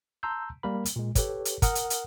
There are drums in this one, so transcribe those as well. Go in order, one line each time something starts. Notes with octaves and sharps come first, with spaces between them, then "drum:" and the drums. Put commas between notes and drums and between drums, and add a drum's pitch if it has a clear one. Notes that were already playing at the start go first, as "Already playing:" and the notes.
A5 A#5 C6 E6 G6
G3 A#3 A#4 B5
drum: hi-hat
A#2 G#3
G4 A4 B4 C#5, drum: kick, hi-hat
drum: hi-hat
A#4 F#5 D#6 F6, drum: kick, hi-hat
drum: hi-hat
drum: hi-hat